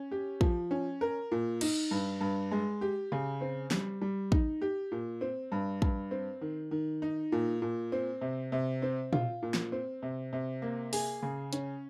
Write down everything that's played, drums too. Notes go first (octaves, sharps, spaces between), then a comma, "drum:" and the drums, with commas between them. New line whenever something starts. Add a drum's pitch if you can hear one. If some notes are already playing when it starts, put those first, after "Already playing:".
Already playing: C#4
G4
F3, drum: kick
C#4
A#4
A#2
D#4, drum: cymbal
G2
G2
G#3
G4
C#3
C4
G3, drum: snare
G3
D#4, drum: kick
G4
A#2
C4
G2
G2, drum: kick
C4
D#3
D#3
D#4
A#2
A#2
C4
C3
C3
C4
F4, drum: tom A#2
A#2
drum: snare
C4
C3
C3
A#3
G#4, drum: open hi-hat
C#3
C#4, drum: hi-hat